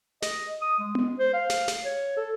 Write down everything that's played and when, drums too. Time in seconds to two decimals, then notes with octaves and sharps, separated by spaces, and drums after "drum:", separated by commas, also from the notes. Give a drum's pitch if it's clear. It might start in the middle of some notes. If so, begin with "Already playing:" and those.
0.22 D#5, drum: snare
0.62 D#6
0.79 G#3
0.95 drum: tom B3
1.19 C5
1.34 F5
1.50 drum: snare
1.68 drum: snare
1.85 C#5
2.17 A4